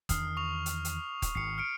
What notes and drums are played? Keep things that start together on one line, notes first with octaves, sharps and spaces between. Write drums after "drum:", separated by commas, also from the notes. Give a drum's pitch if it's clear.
E2 D#3 D4 D#6 F6 C7, drum: kick D#1, hi-hat
C#6 F7
drum: hi-hat
drum: hi-hat
drum: kick D#1, hi-hat
G#1 B2 D#3 C7 C#7
F6 C#7 D7